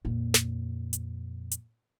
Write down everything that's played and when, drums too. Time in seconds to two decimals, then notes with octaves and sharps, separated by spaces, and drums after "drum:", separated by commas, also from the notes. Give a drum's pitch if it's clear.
0.05 F2 A#2
0.34 drum: snare
0.93 drum: hi-hat
1.51 drum: hi-hat